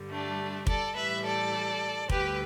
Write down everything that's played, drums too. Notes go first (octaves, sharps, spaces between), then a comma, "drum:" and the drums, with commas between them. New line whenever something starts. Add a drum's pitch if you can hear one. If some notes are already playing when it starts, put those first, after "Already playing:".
Already playing: G2 D3 G3
A3 D4
A4 D5, drum: kick
A2 E3 G3 B4 E5
A4 D5
D2 D3 G3 G4 B4, drum: kick